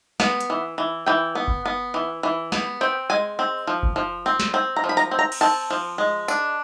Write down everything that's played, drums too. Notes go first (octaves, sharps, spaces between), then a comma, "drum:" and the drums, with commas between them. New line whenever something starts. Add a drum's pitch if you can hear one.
B3, drum: snare
drum: hi-hat
E3
E3
E3 G5
B3
drum: kick F#1
B3
E3
E3
B3, drum: snare
C4 G5
G#3 G#5
C4
F3
drum: kick F#1
F3
C4
drum: snare
C4
A#5
F3
B5
A#5
C4
A#5
drum: cymbal
C4 A5
F3
G#3
D4, drum: tambourine